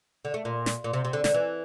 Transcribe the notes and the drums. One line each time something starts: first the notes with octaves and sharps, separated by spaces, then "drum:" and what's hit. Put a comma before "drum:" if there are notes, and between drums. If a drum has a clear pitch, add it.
D3
A3
A#2
drum: snare
A#2
C3
C3
D3
D3, drum: snare
E3